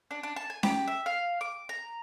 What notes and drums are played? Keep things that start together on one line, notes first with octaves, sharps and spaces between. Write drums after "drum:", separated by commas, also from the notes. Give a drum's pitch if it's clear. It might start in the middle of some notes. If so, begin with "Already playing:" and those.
D4
D4
A5
G#5
G4, drum: snare C#4
E5
F5
D6
A#5